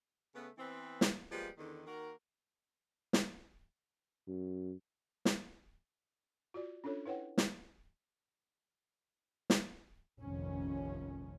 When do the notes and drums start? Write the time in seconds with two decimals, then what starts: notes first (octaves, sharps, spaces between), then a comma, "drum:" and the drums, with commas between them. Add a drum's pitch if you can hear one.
0.35 C#3 A3 B3
0.58 E3 B3 C4
1.01 drum: snare
1.32 F3 G3 G#3 A#3 B3
1.58 E2 D3 D#3
1.86 D#3 A#3 F#4 A#4
3.13 drum: snare
4.27 F#2
5.25 drum: snare
6.54 F4 F#4 D5
6.84 C#4 D4 F4 A4 C#5
7.06 E4 B4 C#5 F#5 G5
7.38 drum: snare
9.50 drum: snare
10.20 F1 A#1 F2 D#3 C#4